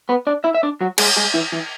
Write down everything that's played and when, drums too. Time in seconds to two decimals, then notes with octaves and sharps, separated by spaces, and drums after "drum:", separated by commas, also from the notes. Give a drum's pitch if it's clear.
0.09 B3 B4
0.27 D4 D5
0.44 E4 E5
0.55 E5
0.63 D4 D5
0.81 F#3 F#4
0.98 G#3 G#4, drum: cymbal
1.17 G#3 G#4
1.34 E3 E4
1.52 E3 E4